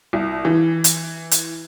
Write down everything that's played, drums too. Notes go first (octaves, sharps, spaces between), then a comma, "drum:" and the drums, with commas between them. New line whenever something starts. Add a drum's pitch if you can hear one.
C2
E3
drum: hi-hat
drum: hi-hat